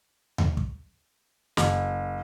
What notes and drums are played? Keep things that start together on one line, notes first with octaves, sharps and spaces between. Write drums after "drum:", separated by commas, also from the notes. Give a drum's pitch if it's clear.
drum: tom D#2
drum: kick
F#1, drum: snare